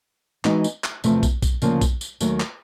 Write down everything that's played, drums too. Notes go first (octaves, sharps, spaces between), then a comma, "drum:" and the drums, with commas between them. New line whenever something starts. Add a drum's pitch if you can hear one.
E3 G#3 B3 D#4 F#4, drum: clap
drum: tambourine
drum: clap
E2 C3 F3 A3, drum: tambourine
drum: kick, tambourine
drum: kick, tambourine
D2 C#3 F3 A#3, drum: tambourine
drum: kick, tambourine
drum: tambourine
D#2 D#3 F#3 A3, drum: tambourine
drum: clap